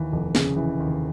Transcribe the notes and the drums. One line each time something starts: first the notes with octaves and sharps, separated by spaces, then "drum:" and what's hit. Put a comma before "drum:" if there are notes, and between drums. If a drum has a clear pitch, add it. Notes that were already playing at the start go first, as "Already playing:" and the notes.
Already playing: D#2 E3
F1
C#3, drum: snare
E3
D#2